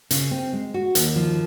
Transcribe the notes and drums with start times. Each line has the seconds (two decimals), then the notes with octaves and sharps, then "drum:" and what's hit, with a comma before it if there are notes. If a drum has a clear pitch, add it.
0.11 C#3, drum: hi-hat
0.31 C4
0.53 G#3
0.74 F#4
0.95 D#2, drum: hi-hat
1.16 F3